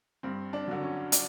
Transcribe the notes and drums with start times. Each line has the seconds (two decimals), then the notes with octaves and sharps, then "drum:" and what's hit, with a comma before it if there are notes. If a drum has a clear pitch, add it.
0.23 G2 C4
0.53 D4
0.68 D3 F#3
0.83 C#4
1.12 D4, drum: hi-hat